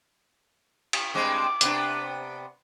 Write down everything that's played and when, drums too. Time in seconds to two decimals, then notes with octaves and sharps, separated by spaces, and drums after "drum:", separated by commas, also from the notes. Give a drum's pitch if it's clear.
0.93 drum: cymbal
1.14 G2 G#3 C4 D6
1.61 C3 B3 D4, drum: hi-hat